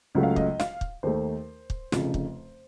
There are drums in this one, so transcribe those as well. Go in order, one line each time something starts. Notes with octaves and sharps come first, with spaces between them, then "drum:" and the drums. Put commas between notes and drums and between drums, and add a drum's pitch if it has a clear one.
C#2 C#3 F#3 A3
F5
D#5, drum: kick
F5, drum: snare
drum: kick
D#2 D#3 A3 C5
drum: kick
F1 F2 C#3, drum: snare
drum: kick